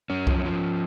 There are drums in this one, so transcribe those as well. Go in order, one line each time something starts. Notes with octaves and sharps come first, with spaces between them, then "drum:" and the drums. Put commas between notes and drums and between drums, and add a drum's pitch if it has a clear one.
F#2 C#4
F3, drum: kick C2
F3